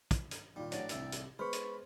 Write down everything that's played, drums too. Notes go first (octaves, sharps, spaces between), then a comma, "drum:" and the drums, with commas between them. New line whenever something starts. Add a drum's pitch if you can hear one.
drum: kick, hi-hat
drum: hi-hat
D#2 A#2 G3
A1 F#3 D4 D5, drum: hi-hat
C2 E5 G5, drum: hi-hat
drum: hi-hat
G#3 B3 B4 C5 B5 C#6 F6
drum: hi-hat